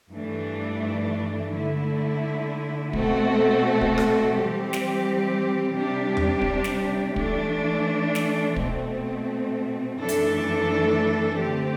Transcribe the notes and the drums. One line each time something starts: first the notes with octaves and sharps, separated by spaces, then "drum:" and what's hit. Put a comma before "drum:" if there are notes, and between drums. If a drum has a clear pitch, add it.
G2 E3 A3 D4
D3 A3 E4
B2 A3 C4 F#4 A4, drum: kick
drum: kick
drum: rim click
E3 G3 C4 G4
drum: snare
C3 G3 D4 G4
drum: tom E2
drum: kick
drum: snare
E3 A3 D4, drum: kick
drum: snare
B2 A3 C4, drum: kick
F#2 E3 A3 D4 A4
drum: hi-hat
D3 A3 C4 G4